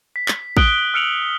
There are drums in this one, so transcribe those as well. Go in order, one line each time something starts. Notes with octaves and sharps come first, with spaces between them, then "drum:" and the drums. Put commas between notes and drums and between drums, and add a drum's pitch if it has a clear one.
B6
drum: clap
D#6 F#6 D7 G7, drum: kick
E6 F6 C#7 D7 F7 F#7